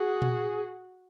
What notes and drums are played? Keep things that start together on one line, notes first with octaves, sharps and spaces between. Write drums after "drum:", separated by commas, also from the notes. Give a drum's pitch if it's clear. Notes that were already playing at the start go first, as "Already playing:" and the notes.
Already playing: F#4 G#4
drum: tom A#2